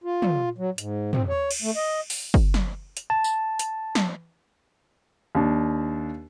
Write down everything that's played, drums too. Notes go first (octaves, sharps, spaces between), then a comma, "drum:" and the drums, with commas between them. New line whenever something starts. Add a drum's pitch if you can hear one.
F4
drum: tom
F#3
G#2, drum: hi-hat
C4, drum: tom
C#5
drum: cymbal
A3
D#5
drum: open hi-hat
drum: kick
drum: snare
drum: hi-hat
A5
drum: tambourine
drum: hi-hat
drum: snare
D#2 D4